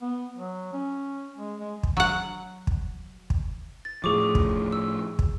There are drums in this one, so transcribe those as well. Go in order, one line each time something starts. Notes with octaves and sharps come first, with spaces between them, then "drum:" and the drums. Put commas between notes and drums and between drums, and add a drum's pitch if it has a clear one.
B3
F#3
C#4
G#3
G#3
drum: kick
F#3 F#5
drum: kick
drum: kick
A6
A2 F3 G#4 C#6 D6
drum: kick
E6
drum: kick